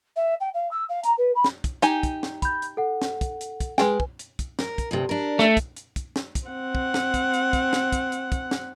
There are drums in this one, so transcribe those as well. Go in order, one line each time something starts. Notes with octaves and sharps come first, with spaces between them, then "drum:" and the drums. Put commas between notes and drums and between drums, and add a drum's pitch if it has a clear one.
E5
G5
F5
E6
F5
A#5, drum: hi-hat
B4
B5
drum: snare
drum: kick, hi-hat
D#4 G4 G#5, drum: hi-hat
drum: kick, hi-hat
drum: snare
B5 G6, drum: kick, hi-hat
drum: hi-hat
A4 F#5
drum: snare
drum: kick, hi-hat
drum: hi-hat
drum: kick, hi-hat
G#3 G#4 B4 G5 G#5, drum: snare
drum: kick
drum: hi-hat
drum: kick, hi-hat
A#4, drum: snare
drum: kick, hi-hat
D2 G2 C3
D4 A#4
A3, drum: snare
drum: kick, hi-hat
drum: hi-hat
drum: kick, hi-hat
drum: snare
drum: kick, hi-hat
C4 F#5
drum: kick
drum: snare
drum: kick, hi-hat
drum: hi-hat
drum: kick, hi-hat
drum: snare
drum: kick, hi-hat
drum: hi-hat
drum: kick, hi-hat
drum: snare